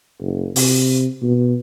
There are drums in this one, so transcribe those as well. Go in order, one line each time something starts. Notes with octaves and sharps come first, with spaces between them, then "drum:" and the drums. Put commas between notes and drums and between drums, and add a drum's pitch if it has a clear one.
F#1
C3, drum: open hi-hat
B2